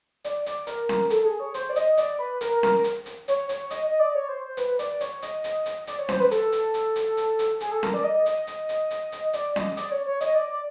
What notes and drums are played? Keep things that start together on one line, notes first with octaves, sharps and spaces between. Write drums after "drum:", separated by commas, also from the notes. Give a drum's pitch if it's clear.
D5, drum: hi-hat
D5, drum: hi-hat
A#4, drum: hi-hat
drum: snare C#4
A4, drum: hi-hat
G#4
C#5
C5, drum: hi-hat
D5
D#5, drum: hi-hat
D5, drum: hi-hat
B4
A#4, drum: hi-hat
A#4, drum: snare C#4
drum: hi-hat
drum: hi-hat
C#5, drum: hi-hat
C#5, drum: hi-hat
D#5, drum: hi-hat
D#5
D5
C#5
C5
C5
B4, drum: hi-hat
D5, drum: hi-hat
C#5, drum: hi-hat
D#5, drum: hi-hat
drum: hi-hat
drum: hi-hat
D5, drum: hi-hat
C#5
C5, drum: snare C#4
B4
A4, drum: hi-hat
drum: hi-hat
drum: hi-hat
drum: hi-hat
drum: hi-hat
drum: hi-hat
G#4, drum: hi-hat
A4
A#4, drum: snare C#4
D5
D#5
D#5, drum: hi-hat
drum: hi-hat
drum: hi-hat
drum: hi-hat
drum: hi-hat
D5, drum: hi-hat
D#5, drum: snare C#4
D5, drum: hi-hat
C#5
C#5
D#5, drum: hi-hat
D5
D5